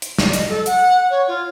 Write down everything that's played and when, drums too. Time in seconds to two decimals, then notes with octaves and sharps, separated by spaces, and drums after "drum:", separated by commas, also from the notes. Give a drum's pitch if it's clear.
0.02 drum: hi-hat
0.18 D5, drum: snare
0.33 D#5, drum: hi-hat
0.49 A4
0.66 F#5, drum: hi-hat
1.10 C#5
1.28 F4